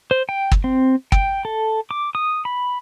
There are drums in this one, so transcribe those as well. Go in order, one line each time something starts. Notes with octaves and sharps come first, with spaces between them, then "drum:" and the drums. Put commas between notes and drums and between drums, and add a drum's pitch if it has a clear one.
C5
G5
drum: kick
C4
G5, drum: kick
A4
D6
D#6
B5